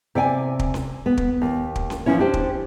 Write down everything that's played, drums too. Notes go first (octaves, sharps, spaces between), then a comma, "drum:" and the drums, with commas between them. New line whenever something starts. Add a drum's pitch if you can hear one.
C3 D5 G5 G#5
drum: kick
drum: snare C#4
B3
drum: kick
D#2
drum: kick
drum: snare C#4
E3 F3 A3 C#4 E4 C#5
D4 G4 C5
drum: kick